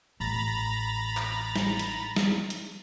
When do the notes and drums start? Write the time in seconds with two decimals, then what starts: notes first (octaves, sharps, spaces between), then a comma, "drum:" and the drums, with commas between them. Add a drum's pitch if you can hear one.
0.20 A1 A#5 B5 A6
1.17 drum: clap
1.56 drum: snare
1.79 drum: hi-hat
2.16 drum: snare
2.50 drum: hi-hat